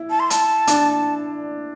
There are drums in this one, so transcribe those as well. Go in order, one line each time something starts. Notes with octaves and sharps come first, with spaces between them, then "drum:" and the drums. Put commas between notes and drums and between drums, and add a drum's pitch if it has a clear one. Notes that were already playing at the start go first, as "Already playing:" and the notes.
Already playing: E4
A5
C6
A5, drum: hi-hat
D4, drum: hi-hat